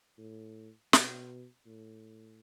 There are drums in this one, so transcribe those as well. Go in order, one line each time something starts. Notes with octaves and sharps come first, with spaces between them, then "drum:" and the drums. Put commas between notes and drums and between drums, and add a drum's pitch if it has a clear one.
A2
B2, drum: snare
A2